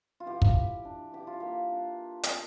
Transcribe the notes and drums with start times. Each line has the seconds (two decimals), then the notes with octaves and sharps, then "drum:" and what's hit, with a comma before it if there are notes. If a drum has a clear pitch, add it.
0.20 F4
0.26 E3 G4
0.42 drum: kick
0.56 E3
0.85 D4
1.13 E3 G4
1.27 F4
1.40 A#3 G4
1.71 D4
2.23 drum: hi-hat